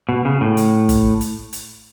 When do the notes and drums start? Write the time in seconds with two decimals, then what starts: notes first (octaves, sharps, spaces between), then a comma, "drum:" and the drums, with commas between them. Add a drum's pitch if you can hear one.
0.09 B2
0.25 C#3
0.41 A2
0.57 drum: hi-hat
0.89 drum: kick, hi-hat
1.21 drum: hi-hat
1.53 drum: hi-hat